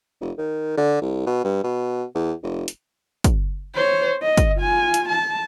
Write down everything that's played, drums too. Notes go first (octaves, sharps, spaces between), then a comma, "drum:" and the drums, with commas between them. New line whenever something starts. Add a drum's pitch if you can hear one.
F1
D#3
D3
C2
B2
G2
B2
E2
F1
drum: hi-hat
drum: kick, hi-hat
C5 C#5
D#5
drum: kick, hi-hat
F4 G#5
drum: hi-hat
A5